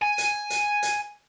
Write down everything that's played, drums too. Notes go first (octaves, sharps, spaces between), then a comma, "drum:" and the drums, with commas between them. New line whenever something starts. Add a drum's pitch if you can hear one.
G#5
drum: hi-hat
drum: hi-hat
drum: hi-hat